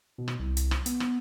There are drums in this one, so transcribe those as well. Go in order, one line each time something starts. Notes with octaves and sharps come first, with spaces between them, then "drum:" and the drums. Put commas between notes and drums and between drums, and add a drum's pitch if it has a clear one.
B2
drum: rim click
C2
drum: hi-hat
drum: rim click
B3, drum: hi-hat
drum: rim click